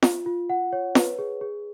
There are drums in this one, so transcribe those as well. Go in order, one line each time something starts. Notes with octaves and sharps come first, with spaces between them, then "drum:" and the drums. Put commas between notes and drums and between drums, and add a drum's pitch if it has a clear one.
F4, drum: snare
F4
F#5
C#5
B4, drum: snare
G#4
G#4